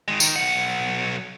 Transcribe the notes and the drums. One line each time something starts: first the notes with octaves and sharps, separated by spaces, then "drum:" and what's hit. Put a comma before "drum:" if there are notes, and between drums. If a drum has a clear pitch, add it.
D#3 G#3
D#3, drum: tambourine
B1 F#5